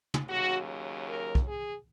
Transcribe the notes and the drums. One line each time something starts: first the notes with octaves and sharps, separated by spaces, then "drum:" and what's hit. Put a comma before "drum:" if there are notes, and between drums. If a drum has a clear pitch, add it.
drum: tom
D#2 C#3 F#3 F#4
A#4
drum: kick B1
G#4